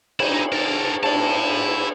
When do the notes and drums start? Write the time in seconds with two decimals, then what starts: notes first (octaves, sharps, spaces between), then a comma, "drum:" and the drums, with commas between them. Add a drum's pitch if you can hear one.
0.20 D#4 E4, drum: cymbal
0.52 A4 A#4
1.03 E4 A5, drum: cymbal